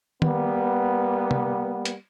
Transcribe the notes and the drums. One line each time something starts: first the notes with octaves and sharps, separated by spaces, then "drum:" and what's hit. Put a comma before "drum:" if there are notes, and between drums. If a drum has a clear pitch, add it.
G3 A#3 B3, drum: tom
drum: tom
drum: hi-hat